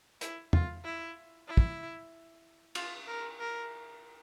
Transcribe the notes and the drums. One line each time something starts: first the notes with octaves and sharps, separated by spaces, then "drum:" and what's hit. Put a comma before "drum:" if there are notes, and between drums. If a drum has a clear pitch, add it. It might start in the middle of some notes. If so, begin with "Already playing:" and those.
E4, drum: hi-hat
F4, drum: tom E2
E4
E4
drum: kick
F4, drum: cymbal
A#4
A#4